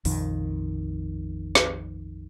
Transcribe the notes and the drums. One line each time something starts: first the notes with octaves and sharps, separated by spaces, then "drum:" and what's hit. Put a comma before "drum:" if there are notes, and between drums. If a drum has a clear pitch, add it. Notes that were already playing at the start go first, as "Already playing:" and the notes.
A#1 F2 D#3, drum: open hi-hat
drum: snare